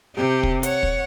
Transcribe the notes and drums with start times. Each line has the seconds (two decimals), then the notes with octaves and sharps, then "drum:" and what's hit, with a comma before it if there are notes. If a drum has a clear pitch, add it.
0.16 C3 G4
0.43 drum: kick
0.63 C#5 F#5, drum: hi-hat
0.83 drum: kick